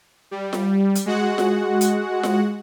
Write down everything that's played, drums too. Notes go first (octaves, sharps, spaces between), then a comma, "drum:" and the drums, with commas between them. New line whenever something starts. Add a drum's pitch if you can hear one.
G3
drum: snare F4
drum: hi-hat
G#3 F#4 F#5
drum: snare F4
drum: hi-hat
drum: snare F4